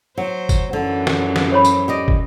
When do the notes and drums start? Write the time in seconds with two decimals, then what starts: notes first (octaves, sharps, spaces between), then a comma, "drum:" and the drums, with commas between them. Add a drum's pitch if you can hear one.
0.18 F#3 C5
0.49 drum: kick, tambourine
0.73 F#2 D3 E3 F#3
1.07 G5, drum: snare
1.36 drum: snare
1.52 C5 C#5 B5
1.65 drum: tambourine
1.88 G4 D5 D#5
2.08 drum: kick